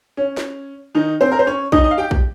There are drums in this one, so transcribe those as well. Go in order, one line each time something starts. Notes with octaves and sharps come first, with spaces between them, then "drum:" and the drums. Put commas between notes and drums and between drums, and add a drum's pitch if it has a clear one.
C#4
drum: snare
D#3 D#4
C4 C5
A#4
C5
C#4 C#5
D#4 D#5, drum: kick A#1
D#5
F5
G4 G5
drum: kick A#1